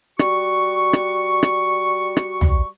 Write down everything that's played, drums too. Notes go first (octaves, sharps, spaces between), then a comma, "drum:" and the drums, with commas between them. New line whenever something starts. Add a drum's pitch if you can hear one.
G3 F#4 C#6, drum: rim click
drum: rim click
drum: rim click
drum: rim click
drum: tom